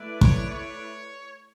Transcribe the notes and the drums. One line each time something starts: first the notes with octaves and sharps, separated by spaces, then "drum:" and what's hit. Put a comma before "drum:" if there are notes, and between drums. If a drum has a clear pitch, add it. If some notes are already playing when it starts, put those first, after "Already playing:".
Already playing: A3 E4 B4 D5
C#5, drum: kick
C#5